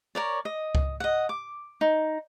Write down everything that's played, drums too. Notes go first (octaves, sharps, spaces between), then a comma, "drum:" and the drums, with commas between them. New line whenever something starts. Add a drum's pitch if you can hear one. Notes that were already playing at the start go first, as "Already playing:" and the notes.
A#4 C#5 D5
D#5
drum: kick C#2
D#5 F#5
D6
D#4